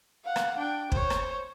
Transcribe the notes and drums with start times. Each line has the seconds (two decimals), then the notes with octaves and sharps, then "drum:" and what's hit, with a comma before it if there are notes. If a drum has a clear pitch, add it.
0.24 F5 F#5
0.36 drum: rim click
0.58 D4 G5
0.92 C5 C#5, drum: kick
1.10 drum: rim click